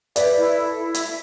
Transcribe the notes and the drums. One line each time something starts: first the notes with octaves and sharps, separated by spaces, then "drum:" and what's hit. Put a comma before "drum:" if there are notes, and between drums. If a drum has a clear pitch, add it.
B4 D5 E5, drum: hi-hat
E4
A4
E4
E5, drum: hi-hat